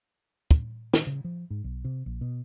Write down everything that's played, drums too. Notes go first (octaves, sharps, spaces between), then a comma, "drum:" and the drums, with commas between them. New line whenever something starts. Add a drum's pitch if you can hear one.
drum: kick
D#3, drum: snare
C#3
F3
G#2
B1
C3
A#1
B2